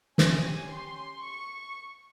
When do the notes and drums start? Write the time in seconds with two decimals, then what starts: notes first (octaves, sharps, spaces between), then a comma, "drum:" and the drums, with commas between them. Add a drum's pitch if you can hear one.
0.18 C#4 G4 G#5, drum: snare
0.69 C6
1.22 C#6